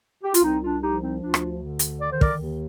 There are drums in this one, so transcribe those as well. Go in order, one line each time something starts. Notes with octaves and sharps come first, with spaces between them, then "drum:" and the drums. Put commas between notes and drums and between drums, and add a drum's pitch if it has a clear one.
G4
F4, drum: hi-hat
C2 C4 D#4
D4 F4
F3 D#4 G4
C4 D#4
D2 D4 F4
drum: rim click
D3
drum: hi-hat
D#3 D5
C5
A#4 D5, drum: kick
D#2